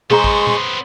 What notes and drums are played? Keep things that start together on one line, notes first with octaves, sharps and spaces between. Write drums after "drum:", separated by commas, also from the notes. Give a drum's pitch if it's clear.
G#3 B3 G#4 C5 A#5 C#6, drum: tom B2
drum: kick
drum: tom A#2